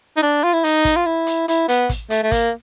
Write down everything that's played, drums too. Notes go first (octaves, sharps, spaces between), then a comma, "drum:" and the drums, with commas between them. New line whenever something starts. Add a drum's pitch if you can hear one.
D#4
D4
F4
E4
D#4, drum: hi-hat
drum: kick, hi-hat
F4
E4
drum: hi-hat
E4, drum: hi-hat
B3, drum: hi-hat
drum: kick, hi-hat
A3, drum: hi-hat
A3
A#3, drum: kick, hi-hat